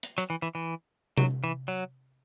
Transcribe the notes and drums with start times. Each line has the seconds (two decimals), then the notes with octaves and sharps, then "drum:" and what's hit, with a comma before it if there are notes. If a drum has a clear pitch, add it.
0.03 drum: hi-hat
0.18 F#3, drum: hi-hat
0.30 E3
0.42 E3
0.55 E3
1.17 F#3, drum: tom C3
1.44 E3
1.68 F#3